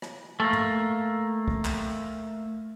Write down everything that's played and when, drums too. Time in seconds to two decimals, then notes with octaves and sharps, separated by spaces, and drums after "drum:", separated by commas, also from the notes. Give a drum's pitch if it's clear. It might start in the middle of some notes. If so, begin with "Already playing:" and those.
0.02 drum: rim click
0.40 A3 A#3
0.53 drum: tom
1.48 drum: kick
1.65 drum: clap